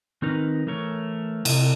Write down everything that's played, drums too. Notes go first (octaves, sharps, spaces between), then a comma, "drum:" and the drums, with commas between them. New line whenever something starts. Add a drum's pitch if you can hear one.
D#3 C4 D#4 A#4 B4
E3 A3 A#4 C#5
C3, drum: cymbal